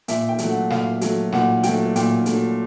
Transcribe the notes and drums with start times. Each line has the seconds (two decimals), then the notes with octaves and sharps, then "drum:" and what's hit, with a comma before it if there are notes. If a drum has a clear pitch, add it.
0.08 A#2 E5, drum: hi-hat
0.29 G5
0.38 F#3 A3, drum: hi-hat
0.50 F#5
0.70 A#2 F5, drum: snare
1.01 F#3 A3, drum: hi-hat
1.32 A#2 F#5, drum: snare
1.63 F#3 A3 G5, drum: hi-hat
1.96 A#2 G5, drum: hi-hat
2.26 F#3 A3, drum: hi-hat